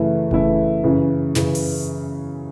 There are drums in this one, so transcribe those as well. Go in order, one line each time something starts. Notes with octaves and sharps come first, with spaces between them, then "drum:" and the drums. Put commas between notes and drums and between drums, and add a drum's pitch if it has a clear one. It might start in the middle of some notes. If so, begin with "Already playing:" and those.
Already playing: F#2 C#3 E3 A3 E4
F#2 C#3 E3 A3 E4, drum: kick F#1
F#2 C#3 E3
F#2 C#3 E3, drum: snare
drum: open hi-hat